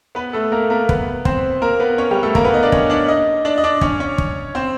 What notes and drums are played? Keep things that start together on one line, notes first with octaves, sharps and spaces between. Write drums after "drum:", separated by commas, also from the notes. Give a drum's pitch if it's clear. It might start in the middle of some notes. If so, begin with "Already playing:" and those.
B3 B4
A3 A4
A#3 A#4
A#3 A#4
B3 B4, drum: kick
C4 C5, drum: kick
A#3 A#4
B3 B4
C#4 C#5
G3 G4
A3 A4
A#3 A#4, drum: kick
B3 B4
D#4 D#5
D4 D5
C#4 C#5, drum: kick
D4 D5
D#4 D#5
D4 D5
D#5
D4 D5
C#4 C#5, drum: kick
C#4 C#5
drum: kick
C4 C5